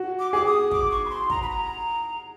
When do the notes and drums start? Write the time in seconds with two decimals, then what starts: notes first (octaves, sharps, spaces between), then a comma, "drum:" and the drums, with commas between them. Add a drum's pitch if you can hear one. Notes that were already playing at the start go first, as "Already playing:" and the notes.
Already playing: F#4
0.19 D6
0.33 G#4 D6
0.46 D#6
0.71 D6, drum: kick
0.91 C#6
1.06 B5
1.09 C6
1.30 A#5, drum: kick
1.42 B5
1.49 A#5